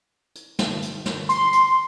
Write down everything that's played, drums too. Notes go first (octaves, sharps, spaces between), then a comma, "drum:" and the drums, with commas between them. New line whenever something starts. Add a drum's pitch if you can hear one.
drum: hi-hat
drum: snare
drum: hi-hat
drum: snare
C6, drum: hi-hat
drum: hi-hat